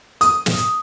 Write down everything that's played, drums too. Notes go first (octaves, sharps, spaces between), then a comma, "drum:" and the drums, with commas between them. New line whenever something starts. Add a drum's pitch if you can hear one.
D#6, drum: hi-hat
drum: snare